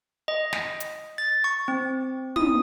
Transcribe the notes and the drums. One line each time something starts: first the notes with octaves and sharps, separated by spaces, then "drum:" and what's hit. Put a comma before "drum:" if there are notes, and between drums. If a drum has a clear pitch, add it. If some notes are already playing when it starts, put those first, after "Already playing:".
D#5
drum: snare
drum: hi-hat
A6
C#6
C4
D#6, drum: tom